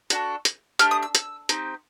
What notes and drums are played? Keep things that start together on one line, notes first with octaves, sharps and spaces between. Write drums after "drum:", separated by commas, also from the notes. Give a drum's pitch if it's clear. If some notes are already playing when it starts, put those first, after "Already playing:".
D4 F#4 A4, drum: hi-hat
drum: hi-hat
A3 D4 G4 F6, drum: hi-hat
D#6
E6
E6, drum: hi-hat
C4 D#4 G4, drum: hi-hat